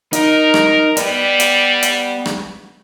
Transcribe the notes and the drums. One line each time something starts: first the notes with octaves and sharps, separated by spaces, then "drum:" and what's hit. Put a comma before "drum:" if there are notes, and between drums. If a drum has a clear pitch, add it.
D#4 A#4, drum: hi-hat
drum: rim click
G3 B3 D5, drum: hi-hat
drum: hi-hat
drum: hi-hat
drum: rim click